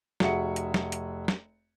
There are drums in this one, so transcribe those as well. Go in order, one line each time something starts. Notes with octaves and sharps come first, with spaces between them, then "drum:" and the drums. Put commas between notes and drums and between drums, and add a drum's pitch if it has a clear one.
F1 F#4 G#4 E5 F#5 C#7, drum: snare
drum: hi-hat
drum: snare
drum: hi-hat
drum: snare